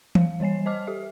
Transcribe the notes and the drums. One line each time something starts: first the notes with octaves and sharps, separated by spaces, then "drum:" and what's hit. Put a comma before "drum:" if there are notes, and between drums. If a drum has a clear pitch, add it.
F5, drum: tom E3
E3 G3 C#5 G#5 C7
C5 D#5 A5 D6 F6
G4 A4 E5